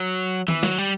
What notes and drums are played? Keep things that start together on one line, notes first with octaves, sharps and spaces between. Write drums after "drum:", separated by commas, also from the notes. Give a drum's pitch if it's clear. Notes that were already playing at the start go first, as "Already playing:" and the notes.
Already playing: F#3
E3, drum: tom D#3
F#3, drum: snare
G3